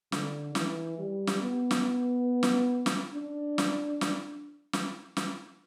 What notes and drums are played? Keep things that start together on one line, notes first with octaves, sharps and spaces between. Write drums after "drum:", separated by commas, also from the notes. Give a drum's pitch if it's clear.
D3, drum: snare
E3, drum: snare
G3
drum: snare
B3
drum: snare
drum: snare
drum: snare
D4
drum: snare
drum: snare
drum: snare
drum: snare